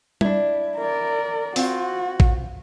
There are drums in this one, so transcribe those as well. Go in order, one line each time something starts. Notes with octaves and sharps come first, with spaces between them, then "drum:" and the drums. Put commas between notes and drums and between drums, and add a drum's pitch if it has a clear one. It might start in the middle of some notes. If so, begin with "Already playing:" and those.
D4 E4, drum: tom G3
A#4 D5
C4 F4 F#4, drum: open hi-hat
drum: kick A1